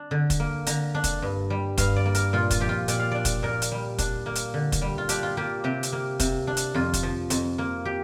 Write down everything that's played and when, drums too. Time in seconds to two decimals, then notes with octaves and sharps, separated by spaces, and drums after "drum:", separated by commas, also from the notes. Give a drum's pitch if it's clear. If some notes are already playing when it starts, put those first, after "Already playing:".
Already playing: D4
0.11 D3
0.30 drum: kick, hi-hat
0.40 A#3
0.66 D3 A#5, drum: hi-hat
0.95 D4
1.04 drum: kick, hi-hat
1.22 G2
1.50 G3
1.78 G2 F5, drum: kick, hi-hat
1.96 D5
2.05 A#3
2.15 A#4, drum: hi-hat
2.33 A#2 F4
2.50 F4, drum: kick, hi-hat
2.60 F3 G4
2.69 F4
2.88 A#2 D5, drum: hi-hat
3.00 F5
3.12 D4 D5
3.25 drum: kick, hi-hat
3.43 A#2 A#4
3.62 drum: hi-hat
3.72 G3
3.98 D4, drum: kick, hi-hat
4.26 A#3
4.35 drum: hi-hat
4.54 D3
4.72 drum: kick, hi-hat
4.81 G3
4.98 F4
5.09 D4 G4, drum: hi-hat
5.23 F4
5.37 A#3 G4
5.64 C3 G4
5.83 drum: hi-hat
5.92 A#3
6.20 C3, drum: kick, hi-hat
6.47 D4
6.57 drum: hi-hat
6.75 F2 F4
6.93 drum: kick, hi-hat
7.03 F3
7.30 F2, drum: hi-hat
7.58 A#3
7.85 G4